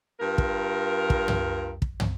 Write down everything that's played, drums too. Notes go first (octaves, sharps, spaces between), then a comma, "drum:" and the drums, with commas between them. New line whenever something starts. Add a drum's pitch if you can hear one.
G2 F4 A#4
drum: kick
drum: kick
drum: tom
drum: kick
drum: tom